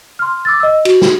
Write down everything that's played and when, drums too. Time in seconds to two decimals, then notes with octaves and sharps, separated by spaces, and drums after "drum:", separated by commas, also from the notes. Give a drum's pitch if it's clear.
0.19 C6 F6
0.45 D6 E6 A6
0.60 D#5 E6
0.85 F#4, drum: cymbal
1.02 drum: snare